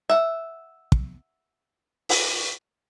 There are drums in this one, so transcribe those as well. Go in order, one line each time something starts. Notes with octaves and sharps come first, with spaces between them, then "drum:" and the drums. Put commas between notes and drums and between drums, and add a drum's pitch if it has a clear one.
E5 F#5
drum: kick
drum: open hi-hat